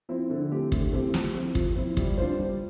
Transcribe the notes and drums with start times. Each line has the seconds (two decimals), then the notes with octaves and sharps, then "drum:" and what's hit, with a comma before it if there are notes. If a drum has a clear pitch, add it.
0.09 F3 C4 E4
0.30 D3
0.51 A3 C4 E4 G4
0.72 D3, drum: kick
0.92 A3 C4 E4 G4
1.14 F3, drum: snare
1.35 C4 E4
1.55 F3, drum: kick
1.76 C4 E4
1.97 G3, drum: kick
2.18 D4 F4 C5
2.38 G3